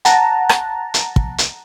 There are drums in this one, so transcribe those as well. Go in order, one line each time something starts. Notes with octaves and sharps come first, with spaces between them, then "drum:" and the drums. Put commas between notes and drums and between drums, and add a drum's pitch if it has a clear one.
F#5 A5 A#5, drum: hi-hat
drum: rim click
drum: hi-hat
drum: kick
drum: hi-hat